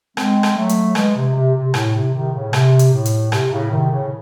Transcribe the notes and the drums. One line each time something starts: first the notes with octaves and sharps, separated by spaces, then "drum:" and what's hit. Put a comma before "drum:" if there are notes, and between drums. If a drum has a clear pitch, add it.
G#3 C4, drum: rim click
drum: rim click
F#3 A3
drum: hi-hat
E3 G#3, drum: rim click
C3
C3
C3
A2, drum: rim click
C3
C3 D#3
A2 C#3
C3, drum: rim click
drum: hi-hat
A2
drum: hi-hat
C3, drum: rim click
A2 C#3
C3 D#3
A2 C#3